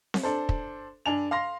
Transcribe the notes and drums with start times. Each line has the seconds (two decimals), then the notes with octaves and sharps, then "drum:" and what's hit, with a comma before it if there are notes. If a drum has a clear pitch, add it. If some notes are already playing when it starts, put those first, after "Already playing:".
0.14 drum: snare C4
0.23 D4 A4 C5
0.49 drum: kick
1.06 G2 D4 G#5 F7
1.31 F5 C6 A#6